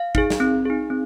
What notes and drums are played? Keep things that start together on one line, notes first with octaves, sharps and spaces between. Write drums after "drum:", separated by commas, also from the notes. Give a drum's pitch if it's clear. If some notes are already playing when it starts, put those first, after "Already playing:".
Already playing: F5
D#4 G#4, drum: kick G#1
drum: snare
C4
D#4 G#4
C4